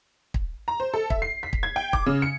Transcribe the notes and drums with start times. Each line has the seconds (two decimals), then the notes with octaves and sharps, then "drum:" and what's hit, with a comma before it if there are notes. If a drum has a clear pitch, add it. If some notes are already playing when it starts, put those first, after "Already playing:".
0.34 drum: kick
0.68 A#5
0.80 C5
0.94 A4
1.10 E5, drum: kick
1.22 C7
1.43 B6
1.53 drum: kick
1.63 G#6
1.76 G5
1.93 D6, drum: kick
2.06 C#3
2.22 C#7